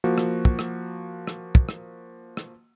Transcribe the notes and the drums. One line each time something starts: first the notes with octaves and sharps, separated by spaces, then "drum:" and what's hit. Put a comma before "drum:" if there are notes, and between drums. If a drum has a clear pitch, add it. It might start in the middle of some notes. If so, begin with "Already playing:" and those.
F3 A#3 F#4
drum: rim click
drum: kick
drum: rim click
drum: rim click
drum: kick
drum: rim click
drum: rim click